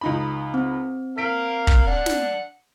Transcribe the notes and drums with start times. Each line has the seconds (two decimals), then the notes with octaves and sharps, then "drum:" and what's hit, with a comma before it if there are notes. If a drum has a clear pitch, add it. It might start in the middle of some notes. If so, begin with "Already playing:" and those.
0.01 C#2 D#4 B5
0.54 C4
1.18 A#4 F5 B6 D7
1.67 drum: kick
1.87 D4 F#5
2.06 drum: snare